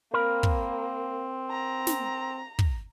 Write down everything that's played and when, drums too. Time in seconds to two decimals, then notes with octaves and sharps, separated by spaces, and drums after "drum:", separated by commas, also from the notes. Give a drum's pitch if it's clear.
0.14 A#3 C4 A#4 B5
0.43 drum: kick
1.51 A#5
1.87 drum: snare
2.59 drum: kick